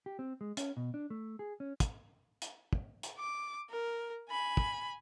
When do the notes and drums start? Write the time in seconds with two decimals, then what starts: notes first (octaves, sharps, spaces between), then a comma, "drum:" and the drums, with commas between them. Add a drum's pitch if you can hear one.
0.06 G4
0.19 C4
0.41 G#3
0.57 C#4, drum: hi-hat
0.77 B2
0.94 D4
1.10 A3
1.39 G#4
1.60 C#4
1.80 drum: kick, hi-hat
2.42 drum: hi-hat
2.73 drum: kick
3.03 drum: hi-hat
3.18 D6
3.70 A#4
4.30 G#5 B5
4.57 drum: kick